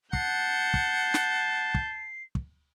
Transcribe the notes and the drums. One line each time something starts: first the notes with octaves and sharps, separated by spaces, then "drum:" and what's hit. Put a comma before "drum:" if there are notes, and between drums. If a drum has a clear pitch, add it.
F#5 A5 G6 C7, drum: kick
drum: kick
drum: snare
drum: kick
drum: kick